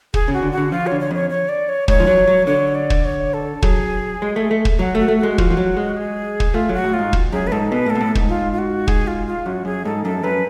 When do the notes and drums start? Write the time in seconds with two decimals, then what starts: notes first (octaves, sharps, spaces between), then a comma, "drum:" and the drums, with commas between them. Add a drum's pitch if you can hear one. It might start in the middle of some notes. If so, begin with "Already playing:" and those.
0.14 G#4, drum: kick
0.28 C#3
0.33 F#4
0.42 D3
0.52 F#4
0.57 D3
0.72 F3 F4
0.87 C#5
0.92 D3
1.00 C#5
1.11 F2 C#5
1.30 C#5
1.49 D5
1.69 C#5
1.88 G#2 C#5, drum: kick
2.00 F3
2.07 F#3
2.28 F#3
2.47 D3 C#5
2.75 D5
2.90 drum: kick
3.05 C#5
3.34 A4
3.62 F#3 G#4, drum: kick
4.22 G#3
4.36 A3
4.51 A3
4.65 drum: kick
4.79 F#3 F#4
4.95 A3 F#4
5.08 A3
5.19 G#3 F#4
5.38 F3, drum: kick
5.50 F3
5.57 F#3
5.77 G#3
5.96 G#4
6.40 drum: kick
6.54 A3 F4
6.69 F#3 F#4
6.84 A2
6.94 F4
6.99 G#2
7.13 drum: kick
7.32 F#2 G#4
7.47 B4
7.52 G#2 A4
7.72 B2 B4
7.86 A2 A4
7.95 B2
8.01 A2
8.15 G#2, drum: kick
8.29 F4
8.53 F4
8.58 F#4
8.88 G#4, drum: kick
9.07 F4
9.27 F4
9.46 F#2 F#4
9.65 F#2 G#4
9.85 G#2 A4
10.05 F#2 A4
10.24 F#2 B4